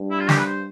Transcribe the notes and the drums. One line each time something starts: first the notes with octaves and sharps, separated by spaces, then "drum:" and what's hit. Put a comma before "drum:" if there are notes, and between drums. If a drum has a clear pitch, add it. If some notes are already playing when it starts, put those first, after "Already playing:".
Already playing: G2
E4
F4
G4, drum: snare
B4
C5